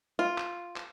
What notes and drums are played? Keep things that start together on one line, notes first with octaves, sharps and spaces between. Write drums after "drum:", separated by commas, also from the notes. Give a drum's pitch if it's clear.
F4
drum: clap
drum: clap